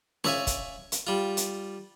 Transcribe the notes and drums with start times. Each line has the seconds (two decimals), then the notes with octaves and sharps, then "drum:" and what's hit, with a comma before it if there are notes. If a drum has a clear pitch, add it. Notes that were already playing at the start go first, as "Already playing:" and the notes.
0.24 C#5 D5 E5 F5 G#5, drum: snare C#4
0.47 drum: kick, hi-hat
0.92 drum: hi-hat
1.07 G3 F4
1.37 drum: hi-hat